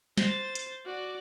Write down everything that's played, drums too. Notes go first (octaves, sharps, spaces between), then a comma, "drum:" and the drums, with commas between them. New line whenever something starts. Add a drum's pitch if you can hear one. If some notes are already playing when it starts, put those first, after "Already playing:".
C5 A6, drum: snare
drum: hi-hat
F#4 D5